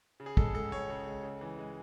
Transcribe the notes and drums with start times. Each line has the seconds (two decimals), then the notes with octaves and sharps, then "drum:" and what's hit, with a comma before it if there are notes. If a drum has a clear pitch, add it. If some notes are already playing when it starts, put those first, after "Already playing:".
0.20 C#3
0.26 G#4
0.37 G#3 A4, drum: kick
0.55 C#2 A4
0.72 C#2 C#5
0.89 C#3
1.06 G#3
1.23 C#3
1.41 E3
1.58 G#3